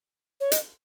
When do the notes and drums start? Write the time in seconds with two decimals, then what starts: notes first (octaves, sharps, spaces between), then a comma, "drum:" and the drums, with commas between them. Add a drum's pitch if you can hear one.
0.41 C#5
0.52 D#5, drum: hi-hat